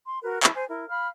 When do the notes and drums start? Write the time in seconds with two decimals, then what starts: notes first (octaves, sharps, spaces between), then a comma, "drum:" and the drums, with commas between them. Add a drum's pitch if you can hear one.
0.05 C6
0.23 F#4 A#4 B4
0.43 E4 A5 B5, drum: clap
0.55 C5 G#5
0.69 E4 A#4
0.89 F5 B5 F6